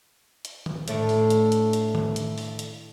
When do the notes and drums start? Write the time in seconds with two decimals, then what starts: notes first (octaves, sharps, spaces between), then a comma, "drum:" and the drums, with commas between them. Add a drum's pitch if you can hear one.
0.45 drum: hi-hat
0.66 drum: tom D#3
0.88 A2 A3 D4, drum: hi-hat
1.09 drum: open hi-hat
1.30 drum: hi-hat
1.52 drum: hi-hat
1.73 drum: hi-hat
1.95 drum: tom D#3
2.16 drum: hi-hat
2.38 drum: open hi-hat
2.59 drum: hi-hat